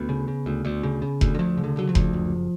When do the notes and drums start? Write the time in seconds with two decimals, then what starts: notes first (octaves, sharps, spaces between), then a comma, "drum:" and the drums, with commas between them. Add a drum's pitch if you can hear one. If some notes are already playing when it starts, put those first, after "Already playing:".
Already playing: D2 B3
0.09 C#3
0.28 C#3
0.46 D2
0.65 D2
0.83 C#3
1.02 C#3
1.21 D2, drum: kick F1
1.34 D3
1.39 D2 F3
1.57 C#3
1.64 D3
1.76 C#3 F#3
1.89 F3
1.95 D2, drum: kick F1
2.13 F#1